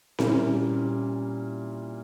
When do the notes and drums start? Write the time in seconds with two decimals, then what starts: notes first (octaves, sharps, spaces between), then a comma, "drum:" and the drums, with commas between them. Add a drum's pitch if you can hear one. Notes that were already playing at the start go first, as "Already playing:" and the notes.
0.19 A#2 G3 A#3 C#4 E4, drum: snare C4